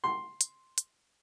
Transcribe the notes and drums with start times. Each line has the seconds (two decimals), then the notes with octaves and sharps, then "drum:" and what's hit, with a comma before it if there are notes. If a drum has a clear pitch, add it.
0.04 C6
0.41 drum: hi-hat
0.78 drum: hi-hat